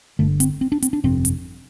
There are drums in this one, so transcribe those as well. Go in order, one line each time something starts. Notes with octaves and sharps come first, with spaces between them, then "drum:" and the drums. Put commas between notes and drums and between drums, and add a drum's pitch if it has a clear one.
G1 G2 D3 A3
C4, drum: hi-hat
C4
D4
C4, drum: hi-hat
D4
G1 F2 C3 C4
drum: hi-hat